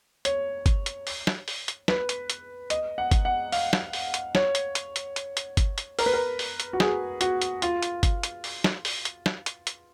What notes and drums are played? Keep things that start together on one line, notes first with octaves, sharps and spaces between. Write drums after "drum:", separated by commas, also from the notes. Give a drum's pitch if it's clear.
C#5, drum: hi-hat
drum: kick G1, hi-hat
drum: hi-hat
drum: open hi-hat
drum: snare
drum: open hi-hat
drum: hi-hat
B4, drum: snare
drum: hi-hat
drum: hi-hat
D#5, drum: hi-hat
F#5
drum: kick G1, hi-hat
F#5
F5, drum: open hi-hat
drum: snare
drum: open hi-hat
drum: hi-hat
C#5, drum: snare
drum: hi-hat
drum: hi-hat
drum: hi-hat
drum: hi-hat
drum: hi-hat
drum: kick G1, hi-hat
drum: hi-hat
A#4, drum: open hi-hat
B4
A#4
drum: open hi-hat
drum: hi-hat
F#4
G#4, drum: snare
F#4, drum: hi-hat
drum: hi-hat
F4, drum: hi-hat
drum: hi-hat
drum: kick G1, hi-hat
drum: hi-hat
drum: open hi-hat
drum: snare
drum: open hi-hat
drum: hi-hat
drum: snare
drum: hi-hat
drum: hi-hat